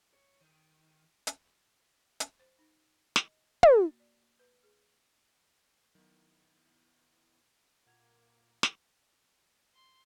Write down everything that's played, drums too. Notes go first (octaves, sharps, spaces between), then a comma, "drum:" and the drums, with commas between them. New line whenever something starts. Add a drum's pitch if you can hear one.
C#5
D#3
drum: hi-hat
drum: hi-hat
C5
D#4
D#5, drum: snare
F#4, drum: tom
A#3
D5
B4
G#4
D#3 F#3 B3 E4
A#2 A#3 F4 A#4 F#5 G#6 F7
drum: snare
C6